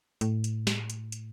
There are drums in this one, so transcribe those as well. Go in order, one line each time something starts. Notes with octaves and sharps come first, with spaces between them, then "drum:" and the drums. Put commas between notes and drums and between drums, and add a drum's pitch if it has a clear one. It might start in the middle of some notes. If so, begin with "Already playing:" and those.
A2, drum: hi-hat
drum: hi-hat
drum: snare
drum: hi-hat
drum: hi-hat